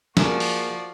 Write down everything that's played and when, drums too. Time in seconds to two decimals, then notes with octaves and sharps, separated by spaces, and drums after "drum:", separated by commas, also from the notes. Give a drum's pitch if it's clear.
0.17 F3 A#3 F#4 G#4 A#4 D5, drum: snare
0.40 drum: open hi-hat